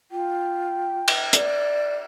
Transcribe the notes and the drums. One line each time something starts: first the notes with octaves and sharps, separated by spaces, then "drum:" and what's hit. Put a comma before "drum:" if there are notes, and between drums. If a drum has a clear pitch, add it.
F4 G5
drum: cymbal
D5, drum: hi-hat